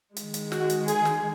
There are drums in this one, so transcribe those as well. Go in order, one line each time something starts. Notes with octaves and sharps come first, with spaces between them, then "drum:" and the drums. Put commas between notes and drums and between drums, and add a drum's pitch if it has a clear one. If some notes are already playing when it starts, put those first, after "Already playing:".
D#3 G#3, drum: hi-hat
drum: hi-hat
F#4, drum: snare
drum: hi-hat
G#4, drum: hi-hat
drum: snare